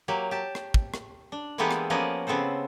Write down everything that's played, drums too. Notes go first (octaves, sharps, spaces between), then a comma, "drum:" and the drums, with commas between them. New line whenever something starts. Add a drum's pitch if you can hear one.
F#3 A#3 G4
G4 A5
drum: rim click
drum: kick
drum: rim click
D4
E3 G#3 A#3 B3 G4 A4
drum: rim click
F3 A#3 B3 C#4 D5 D#5
C#3 B3 C4 A4 C5